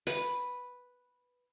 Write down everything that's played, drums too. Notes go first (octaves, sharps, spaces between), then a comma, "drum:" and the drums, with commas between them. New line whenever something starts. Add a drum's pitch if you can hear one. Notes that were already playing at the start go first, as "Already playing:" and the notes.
B4, drum: hi-hat